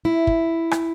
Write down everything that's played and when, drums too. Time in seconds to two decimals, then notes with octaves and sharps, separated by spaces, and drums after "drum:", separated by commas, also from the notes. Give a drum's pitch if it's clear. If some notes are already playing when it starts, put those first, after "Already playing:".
0.05 E4
0.27 drum: kick
0.71 drum: rim click